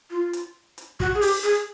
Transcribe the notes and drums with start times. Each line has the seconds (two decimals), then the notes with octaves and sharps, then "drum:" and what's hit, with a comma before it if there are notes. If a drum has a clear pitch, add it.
0.11 F4
0.33 drum: hi-hat
0.78 drum: hi-hat
1.00 F#4, drum: kick
1.15 G#4
1.21 G4, drum: open hi-hat
1.44 G#4